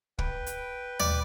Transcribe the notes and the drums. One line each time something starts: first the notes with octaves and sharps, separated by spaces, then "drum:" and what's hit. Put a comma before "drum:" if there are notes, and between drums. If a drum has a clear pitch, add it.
B4 G5, drum: kick
drum: hi-hat
D5, drum: tom D#2